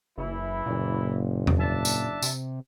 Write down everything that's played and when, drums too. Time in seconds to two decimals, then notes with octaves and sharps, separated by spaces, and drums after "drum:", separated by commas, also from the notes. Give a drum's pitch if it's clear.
0.18 F#1 E3 E4
0.66 F#1 A#2
1.47 drum: tom E2
1.60 D4 E5 A5
1.85 drum: tambourine
2.22 C3, drum: tambourine